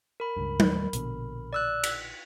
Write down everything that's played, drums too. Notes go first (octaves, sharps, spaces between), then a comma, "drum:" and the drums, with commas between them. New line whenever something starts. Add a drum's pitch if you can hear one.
A#4 B5
C#2 G2
D#2 A2, drum: tom F#3
A#1 B2 D3, drum: hi-hat
D5 E6 F#6
B6, drum: cymbal